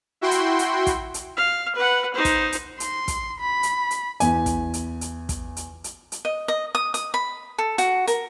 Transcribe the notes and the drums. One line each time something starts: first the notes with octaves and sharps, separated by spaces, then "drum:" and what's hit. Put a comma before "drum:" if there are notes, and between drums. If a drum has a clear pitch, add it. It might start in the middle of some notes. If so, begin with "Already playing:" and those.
E4 F#4 G5 C6
drum: hi-hat
drum: hi-hat
drum: kick, hi-hat
drum: hi-hat
F5
B4 F#5
D#4 C5
drum: kick, hi-hat
drum: hi-hat
C6, drum: hi-hat
drum: kick, hi-hat
B5
drum: hi-hat
drum: hi-hat
E2 G#5, drum: hi-hat
drum: kick, hi-hat
drum: hi-hat
drum: hi-hat
drum: kick, hi-hat
drum: hi-hat
drum: hi-hat
drum: hi-hat
D#5
D#5
D#6
D#6, drum: hi-hat
B5
A4
F#4, drum: hi-hat
A#4, drum: hi-hat